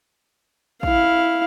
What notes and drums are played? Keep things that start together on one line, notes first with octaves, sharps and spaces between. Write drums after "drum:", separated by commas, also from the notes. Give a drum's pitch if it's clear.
E4 F5, drum: kick